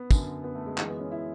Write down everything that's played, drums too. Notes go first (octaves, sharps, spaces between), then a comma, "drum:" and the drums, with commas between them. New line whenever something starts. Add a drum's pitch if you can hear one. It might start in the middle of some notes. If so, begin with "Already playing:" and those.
Already playing: B3
F#2 D3, drum: kick, tambourine
B3
A3
G#3
F#2 E3 G#3, drum: clap
B3
C#4
E4